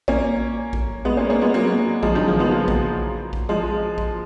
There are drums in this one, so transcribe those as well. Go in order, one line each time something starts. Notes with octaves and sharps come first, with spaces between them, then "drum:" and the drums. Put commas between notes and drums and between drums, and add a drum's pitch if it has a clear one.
A#3 C#4, drum: kick A#1
drum: kick A#1
G#3 B3
A#3 C#4
A#3 C#4
G#3 B3
F#3 A#3
F3 G#3, drum: kick A#1
D#3 F#3
C#3 F3
G#3 B3
F#3 A#3
drum: kick A#1
drum: kick A#1
F3 G#3
drum: kick A#1